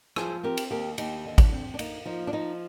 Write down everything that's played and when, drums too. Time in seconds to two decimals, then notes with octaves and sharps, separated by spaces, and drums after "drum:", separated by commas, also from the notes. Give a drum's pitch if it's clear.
0.16 F3 G#4 C5, drum: rim click
0.43 C4 G4 A#4
0.57 drum: cymbal
0.71 D#2 G4 A#4
0.98 D#2 D#4 G4, drum: cymbal
1.25 D3 D#4
1.38 D4, drum: kick G#1, cymbal
1.52 C4
1.74 D4
1.79 A#3 D#4, drum: cymbal
2.06 F3 D#4
2.27 D4
2.33 F3 D#4